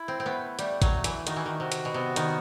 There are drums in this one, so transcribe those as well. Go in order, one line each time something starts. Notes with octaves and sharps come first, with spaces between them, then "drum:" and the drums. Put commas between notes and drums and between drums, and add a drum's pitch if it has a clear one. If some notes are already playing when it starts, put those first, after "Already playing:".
Already playing: E4
C4
C4
A3 B3
G3 A3, drum: hi-hat
F#3, drum: kick, hi-hat
A3
E3, drum: hi-hat
D#3 F#4, drum: hi-hat
E3
D#3
C3 F#4
drum: hi-hat
B2
C3 B3
D#3, drum: hi-hat